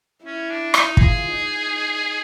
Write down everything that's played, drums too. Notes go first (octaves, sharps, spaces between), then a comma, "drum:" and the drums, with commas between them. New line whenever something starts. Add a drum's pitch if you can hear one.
C#4 E4
D4
D#4, drum: rim click
F4 G#4, drum: kick
D#4